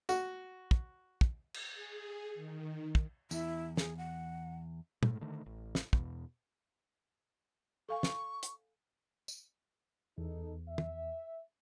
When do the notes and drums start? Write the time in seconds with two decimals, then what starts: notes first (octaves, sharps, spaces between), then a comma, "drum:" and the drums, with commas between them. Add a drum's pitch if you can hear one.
0.09 F#4, drum: tambourine
0.71 drum: kick
1.21 drum: kick
1.54 drum: cymbal
1.72 G#4
2.34 D#3
2.95 drum: kick
3.31 E2 E4, drum: tambourine
3.77 G#4, drum: snare
3.97 F#5
5.03 G#2 A3, drum: tom
5.21 D3 D#3 A3
5.46 A1
5.75 drum: snare
5.93 E2 B2, drum: kick
7.89 A4 F5 G#5 C#6
8.03 drum: snare
8.43 drum: hi-hat
9.28 drum: tambourine
10.18 E2 D#4 A4
10.69 E5
10.78 drum: tom